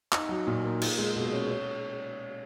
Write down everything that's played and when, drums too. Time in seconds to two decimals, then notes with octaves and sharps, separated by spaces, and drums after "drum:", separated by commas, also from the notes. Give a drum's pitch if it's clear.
0.12 D#4, drum: clap
0.29 F#3
0.47 A#2
0.64 A#3
0.82 F4, drum: cymbal
0.98 G#3
1.16 B2
1.33 C#4
1.50 C#4